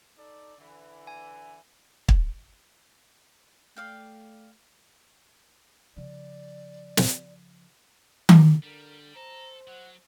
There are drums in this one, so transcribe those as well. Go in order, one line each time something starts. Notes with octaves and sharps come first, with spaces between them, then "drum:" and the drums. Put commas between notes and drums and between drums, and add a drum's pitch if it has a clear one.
D#4 A4 D5
D3 E3
G#5
drum: kick
A3 D5 F5 G5
C#3 F3 D5
drum: snare
drum: tom D#3
D3 G3 A#4
A4 C5 A#5
F#3 F#5